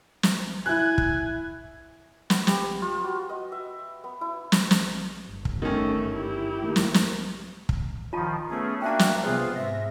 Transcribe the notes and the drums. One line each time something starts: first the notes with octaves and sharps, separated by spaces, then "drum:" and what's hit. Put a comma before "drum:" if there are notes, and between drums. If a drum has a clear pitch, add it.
drum: snare
E4 G#5 F#6
drum: kick
B3, drum: snare
G4, drum: snare
F4
F#4
D#5
E5
B3
E4
drum: snare
drum: snare
G1
drum: kick
D#3 A3 C#4
E4 G4
D#3 A3 A#3
drum: snare
drum: snare
drum: kick
D#3 F3 F4 A5
A3 B3 C#4 G#4
A#3 D4 F#4 E5 G5 A5
drum: snare
C3 B3 C4 F4 G#4 C5
G#2 E5 A#6